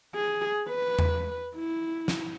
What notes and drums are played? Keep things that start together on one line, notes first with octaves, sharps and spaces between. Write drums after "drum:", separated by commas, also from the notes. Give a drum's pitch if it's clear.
G#4
B4
drum: tom E2
E4
drum: snare